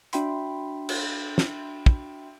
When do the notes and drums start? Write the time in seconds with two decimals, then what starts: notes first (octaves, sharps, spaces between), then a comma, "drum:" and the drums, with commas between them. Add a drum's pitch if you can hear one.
0.13 D4 F#4 E5 G5 B5 C6, drum: hi-hat
0.89 drum: cymbal
1.38 drum: snare
1.86 drum: kick